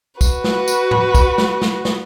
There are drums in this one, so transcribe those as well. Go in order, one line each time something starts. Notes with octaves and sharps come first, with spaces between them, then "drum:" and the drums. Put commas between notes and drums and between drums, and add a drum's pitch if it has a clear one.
F#4 B4, drum: kick, tambourine
drum: snare
drum: tambourine
drum: tom G#2
drum: kick, tambourine
drum: snare
drum: snare
drum: snare